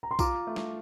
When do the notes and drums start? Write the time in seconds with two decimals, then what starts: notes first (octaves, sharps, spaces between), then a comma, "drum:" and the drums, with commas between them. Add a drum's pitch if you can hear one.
0.03 A#5
0.11 C6
0.19 F4 A#5 D6, drum: kick B1, tambourine
0.47 A3
0.56 drum: snare